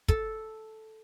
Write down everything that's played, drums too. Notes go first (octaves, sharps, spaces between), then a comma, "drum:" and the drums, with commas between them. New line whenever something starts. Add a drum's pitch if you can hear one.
A4, drum: kick